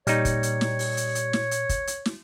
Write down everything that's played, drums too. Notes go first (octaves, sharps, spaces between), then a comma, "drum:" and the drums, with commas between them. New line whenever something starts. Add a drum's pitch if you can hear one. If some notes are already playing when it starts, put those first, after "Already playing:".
A#2 G3 D#4 C#5, drum: hi-hat
drum: kick, hi-hat
drum: hi-hat
drum: snare
drum: open hi-hat
drum: hi-hat
drum: hi-hat
drum: snare
drum: hi-hat
drum: kick, hi-hat
drum: hi-hat
drum: snare